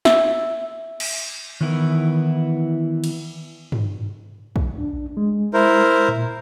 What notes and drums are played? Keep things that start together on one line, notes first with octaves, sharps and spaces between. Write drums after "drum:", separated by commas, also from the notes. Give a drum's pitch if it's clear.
E5, drum: snare
drum: cymbal
D#3 E3 B3 E4 A#4
drum: cymbal
drum: tom G2
drum: kick
D4
G#3
E4 A#4 C5
A#2